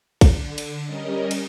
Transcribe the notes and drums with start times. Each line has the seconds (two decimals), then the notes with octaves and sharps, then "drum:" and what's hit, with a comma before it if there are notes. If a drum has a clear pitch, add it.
0.21 D3, drum: kick, cymbal
0.58 drum: cymbal
0.86 G3 C#4 A#4 D#5
1.31 drum: cymbal